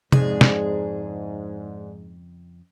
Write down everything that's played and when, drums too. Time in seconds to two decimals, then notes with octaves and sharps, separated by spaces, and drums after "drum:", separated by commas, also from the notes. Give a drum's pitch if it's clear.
0.12 F2 G#2 C#3 G#3 D4 G#4, drum: tom C3
0.41 drum: snare